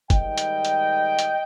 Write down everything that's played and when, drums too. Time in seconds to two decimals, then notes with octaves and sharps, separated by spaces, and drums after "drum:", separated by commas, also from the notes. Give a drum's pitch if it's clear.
0.10 G#2 D#3 G3 D#5 G5, drum: kick, hi-hat
0.38 drum: hi-hat
0.65 drum: hi-hat
1.19 drum: hi-hat